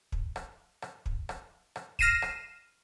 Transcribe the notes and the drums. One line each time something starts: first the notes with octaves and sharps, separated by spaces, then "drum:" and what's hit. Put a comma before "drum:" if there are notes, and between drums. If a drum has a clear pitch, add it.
drum: kick
drum: rim click
drum: rim click
drum: kick
drum: rim click
drum: rim click
F6 A#6 C7 D#7 E7, drum: kick
drum: rim click